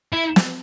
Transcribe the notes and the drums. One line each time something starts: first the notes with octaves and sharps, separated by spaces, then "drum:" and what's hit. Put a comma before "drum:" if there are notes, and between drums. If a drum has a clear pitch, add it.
E4
drum: snare